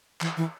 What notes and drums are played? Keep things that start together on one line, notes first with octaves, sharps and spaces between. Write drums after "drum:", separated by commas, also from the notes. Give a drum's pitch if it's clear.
E3, drum: clap
E3